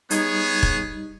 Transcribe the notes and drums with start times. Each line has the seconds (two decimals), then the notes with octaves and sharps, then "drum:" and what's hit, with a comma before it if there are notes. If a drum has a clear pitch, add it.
0.10 G3 B3 D#4 G#4 C#5, drum: hi-hat
0.63 drum: kick E1